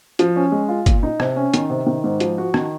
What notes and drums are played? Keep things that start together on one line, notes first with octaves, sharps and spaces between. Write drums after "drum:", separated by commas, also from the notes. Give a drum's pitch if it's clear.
F3, drum: hi-hat
C#4
G#3
F4
A#2, drum: kick G1, hi-hat
D#4
C3, drum: rim click
C#4
D#3, drum: hi-hat
C3
D#3
G#2
F3, drum: hi-hat
F#4
D#3, drum: rim click